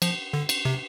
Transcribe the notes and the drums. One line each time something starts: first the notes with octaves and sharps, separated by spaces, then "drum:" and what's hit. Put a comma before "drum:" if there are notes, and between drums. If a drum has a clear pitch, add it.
F3, drum: cymbal
D3
drum: cymbal
C3